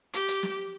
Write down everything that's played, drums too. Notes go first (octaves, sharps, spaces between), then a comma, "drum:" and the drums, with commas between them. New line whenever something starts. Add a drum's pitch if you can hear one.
G4, drum: hi-hat
drum: hi-hat
drum: snare